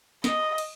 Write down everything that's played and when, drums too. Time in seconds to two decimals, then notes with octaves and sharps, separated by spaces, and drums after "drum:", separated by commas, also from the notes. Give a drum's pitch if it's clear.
0.24 D#5, drum: snare
0.58 drum: cymbal